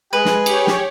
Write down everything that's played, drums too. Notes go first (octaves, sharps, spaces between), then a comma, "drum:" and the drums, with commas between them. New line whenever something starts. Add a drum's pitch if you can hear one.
G#3 G#4 B4
drum: snare
G4 C#5, drum: cymbal
drum: snare